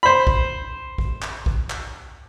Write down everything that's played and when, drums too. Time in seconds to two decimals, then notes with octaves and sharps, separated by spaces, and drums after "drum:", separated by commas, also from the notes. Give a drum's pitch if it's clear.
0.03 C5 B5
0.27 drum: kick A1
0.98 drum: kick A1
1.22 drum: clap
1.46 drum: kick A1
1.70 drum: clap